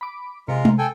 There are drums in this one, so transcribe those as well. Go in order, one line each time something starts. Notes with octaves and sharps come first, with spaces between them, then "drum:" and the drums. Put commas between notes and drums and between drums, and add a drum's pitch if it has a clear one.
B5 D6
C3 G#3 F4 A#4
drum: tom
A4 G5 G#5